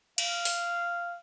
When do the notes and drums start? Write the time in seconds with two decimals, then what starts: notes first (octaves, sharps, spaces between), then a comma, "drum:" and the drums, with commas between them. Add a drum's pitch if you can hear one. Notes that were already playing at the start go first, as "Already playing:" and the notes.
0.18 F5, drum: cymbal
0.45 drum: open hi-hat